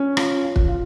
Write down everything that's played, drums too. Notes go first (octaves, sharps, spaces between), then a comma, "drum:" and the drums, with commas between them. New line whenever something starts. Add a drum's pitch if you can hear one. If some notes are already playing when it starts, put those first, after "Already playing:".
Already playing: C#4
F4, drum: rim click
F4
drum: kick
F4